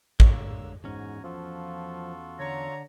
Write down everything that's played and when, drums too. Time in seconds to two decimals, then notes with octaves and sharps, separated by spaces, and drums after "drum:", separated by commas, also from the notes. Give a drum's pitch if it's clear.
0.20 D3 G#3 A#3 C#5 E6, drum: kick A1
0.84 E2 G#2 C#4 F#4 G#5 A#5
1.24 F3 F4 F#4 A4
2.40 D3 C#5 A#5